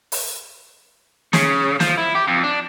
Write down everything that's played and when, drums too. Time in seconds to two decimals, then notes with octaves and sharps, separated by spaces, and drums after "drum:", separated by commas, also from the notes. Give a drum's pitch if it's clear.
0.12 drum: open hi-hat
1.33 C#3, drum: snare
1.80 F3, drum: snare
1.98 E4
2.15 G4
2.28 F2
2.44 D4